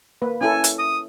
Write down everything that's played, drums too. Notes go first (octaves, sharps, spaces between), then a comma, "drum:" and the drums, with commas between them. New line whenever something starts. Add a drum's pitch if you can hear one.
A#3 B4
C#4 E4 A4 G#5
drum: hi-hat
D#6